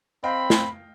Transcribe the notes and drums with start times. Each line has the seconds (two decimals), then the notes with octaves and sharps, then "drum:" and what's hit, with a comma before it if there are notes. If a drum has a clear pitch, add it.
0.23 C4 D#5 F5 G5 B5
0.50 drum: snare